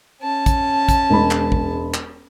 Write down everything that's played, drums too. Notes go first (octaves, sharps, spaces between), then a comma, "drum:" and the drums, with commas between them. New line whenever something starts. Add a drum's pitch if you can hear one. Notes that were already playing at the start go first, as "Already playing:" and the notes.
C#4 A5
drum: kick, hi-hat
drum: kick, hi-hat
E1 G#3 B5
drum: clap
drum: kick
drum: clap